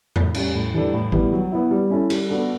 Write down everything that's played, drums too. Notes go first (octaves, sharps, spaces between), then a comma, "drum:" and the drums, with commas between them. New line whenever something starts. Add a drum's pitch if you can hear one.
A2, drum: tom E2
G3 C#4, drum: cymbal
A2
E3 G3 D4 A4
A2
E3 G3 B3, drum: kick G#1
F#3
B3 E4
G3
C#4 E4 A4
G3, drum: cymbal
B3 D4 F#4 A4